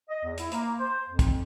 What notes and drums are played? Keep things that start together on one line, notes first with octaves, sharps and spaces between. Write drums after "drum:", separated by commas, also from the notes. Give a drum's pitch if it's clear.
D#5
E2
E4, drum: hi-hat
A#3, drum: hi-hat
C5
F2
drum: kick, hi-hat